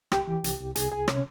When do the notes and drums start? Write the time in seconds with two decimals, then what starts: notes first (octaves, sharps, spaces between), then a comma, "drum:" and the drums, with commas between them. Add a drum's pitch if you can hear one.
0.12 C2 G4 G5, drum: rim click
0.27 E3
0.44 C2, drum: hi-hat
0.60 C2
0.75 C2 G#4 G#5, drum: hi-hat
0.92 C2 G#4 G#5
1.08 C3 C#4 C#5, drum: rim click